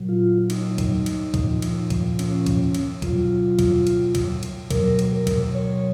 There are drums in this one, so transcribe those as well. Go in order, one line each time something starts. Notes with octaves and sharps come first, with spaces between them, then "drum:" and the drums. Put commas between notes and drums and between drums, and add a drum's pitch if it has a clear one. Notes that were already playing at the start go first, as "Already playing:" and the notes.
Already playing: A#2 F#3
F4
D#4, drum: cymbal
drum: kick, cymbal
drum: cymbal
A#2 F3, drum: kick, cymbal
drum: cymbal
drum: kick, cymbal
C#4, drum: cymbal
drum: kick, cymbal
drum: cymbal
B2 F#3 F4, drum: kick, cymbal
drum: kick, cymbal
drum: cymbal
drum: kick, cymbal
drum: cymbal
B2 F#3 A#4, drum: kick, cymbal
drum: cymbal
A#4
drum: kick, cymbal
C#5